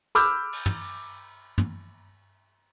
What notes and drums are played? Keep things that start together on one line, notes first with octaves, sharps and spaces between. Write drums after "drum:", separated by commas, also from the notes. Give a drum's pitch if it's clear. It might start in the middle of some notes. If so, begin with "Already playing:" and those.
B5 D6 E6 F6 G6, drum: hi-hat
drum: cymbal
drum: tom
drum: tom